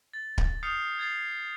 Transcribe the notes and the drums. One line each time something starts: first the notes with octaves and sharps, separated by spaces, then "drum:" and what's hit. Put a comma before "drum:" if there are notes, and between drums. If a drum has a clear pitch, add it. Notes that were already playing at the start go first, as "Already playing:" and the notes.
A6
drum: kick D1
D#6 F6 G6 C7 C#7
G#6 A6 C7